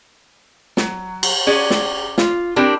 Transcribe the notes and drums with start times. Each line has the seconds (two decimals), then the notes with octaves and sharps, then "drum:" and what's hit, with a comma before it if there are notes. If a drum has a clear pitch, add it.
0.77 F#3, drum: snare
1.23 drum: cymbal
1.47 C#4 F#4 G#4 D5
1.70 drum: snare
2.18 F4, drum: snare
2.56 C4 D4 E4 G4 A#4